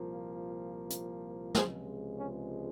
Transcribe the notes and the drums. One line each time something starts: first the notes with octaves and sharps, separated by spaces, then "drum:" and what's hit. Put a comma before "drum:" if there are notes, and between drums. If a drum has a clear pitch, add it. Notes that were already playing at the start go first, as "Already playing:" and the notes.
Already playing: C2 A#2 F3 A#3
drum: hi-hat
C#2 C3 F3 G#3 G#4 C5, drum: snare
C#4